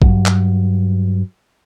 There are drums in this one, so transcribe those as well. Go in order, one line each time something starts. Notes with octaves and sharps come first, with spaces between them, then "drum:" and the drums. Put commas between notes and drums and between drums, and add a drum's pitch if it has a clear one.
G2 F#3, drum: kick A1
drum: clap